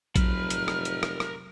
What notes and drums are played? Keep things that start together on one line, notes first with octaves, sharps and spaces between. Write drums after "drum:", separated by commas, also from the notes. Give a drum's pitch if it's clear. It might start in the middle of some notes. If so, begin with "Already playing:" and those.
F1 F#3 A#4 B5 F6, drum: kick A#1, hi-hat
drum: hi-hat
drum: rim click
drum: hi-hat
drum: rim click
drum: rim click